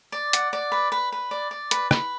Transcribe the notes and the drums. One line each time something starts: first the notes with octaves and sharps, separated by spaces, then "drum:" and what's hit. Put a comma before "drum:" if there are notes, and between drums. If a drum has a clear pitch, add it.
D5
F#5, drum: hi-hat
D5
B4
B4
B4
D5
D5
B4, drum: hi-hat
B4, drum: rim click